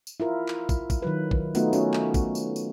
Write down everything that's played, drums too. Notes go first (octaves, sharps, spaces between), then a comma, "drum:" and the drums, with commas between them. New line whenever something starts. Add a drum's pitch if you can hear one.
drum: tambourine
E4 F4 A#4
drum: clap
drum: kick, tambourine
drum: kick, tambourine
D#3 F#3 B4
drum: kick
A3 B3 D#4 F4 F#4, drum: tambourine
C#4 F#4, drum: tambourine
drum: clap
drum: kick, tambourine
drum: tambourine
drum: tambourine